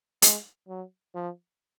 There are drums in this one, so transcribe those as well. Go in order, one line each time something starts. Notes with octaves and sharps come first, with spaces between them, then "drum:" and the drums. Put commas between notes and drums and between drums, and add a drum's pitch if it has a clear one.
G#3, drum: hi-hat
F#3
F3